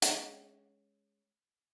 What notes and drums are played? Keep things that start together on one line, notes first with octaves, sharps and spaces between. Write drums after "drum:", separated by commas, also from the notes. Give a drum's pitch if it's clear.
G#3 C#4 A#5, drum: hi-hat